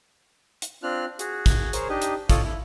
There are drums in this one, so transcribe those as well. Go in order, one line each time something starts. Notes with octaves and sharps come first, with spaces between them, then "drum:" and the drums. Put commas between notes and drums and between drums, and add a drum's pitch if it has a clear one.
drum: hi-hat
C4 D4 F4 F6 F#6
F#4 G#4, drum: hi-hat
drum: kick, hi-hat
G#4 A#4 C5 C#5, drum: hi-hat
D4 D#4 G4 D#5
drum: hi-hat
F4 A4 C#5 D#5 F5, drum: kick, hi-hat
E4